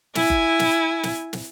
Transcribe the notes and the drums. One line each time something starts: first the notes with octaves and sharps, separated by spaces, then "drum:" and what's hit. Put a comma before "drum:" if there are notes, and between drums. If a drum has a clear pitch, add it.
E4 G#5, drum: snare
drum: kick F#1
drum: snare
drum: snare
drum: snare